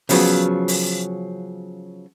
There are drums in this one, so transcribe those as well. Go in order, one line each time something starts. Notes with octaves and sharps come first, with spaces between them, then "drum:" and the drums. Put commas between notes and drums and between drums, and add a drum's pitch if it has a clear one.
C#3 F3 F#3 B3, drum: open hi-hat
drum: open hi-hat